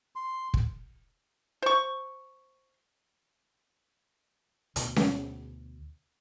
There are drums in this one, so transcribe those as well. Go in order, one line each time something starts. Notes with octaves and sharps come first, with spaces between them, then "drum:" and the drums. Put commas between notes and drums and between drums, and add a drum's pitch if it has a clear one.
C6
drum: kick
C5 C#6
D2 B2, drum: hi-hat
drum: snare C#4